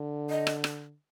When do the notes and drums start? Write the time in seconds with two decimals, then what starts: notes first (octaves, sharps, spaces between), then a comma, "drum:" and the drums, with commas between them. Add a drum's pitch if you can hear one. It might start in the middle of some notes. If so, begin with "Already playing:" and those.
Already playing: D3
0.30 D#5
0.47 drum: rim click
0.64 drum: rim click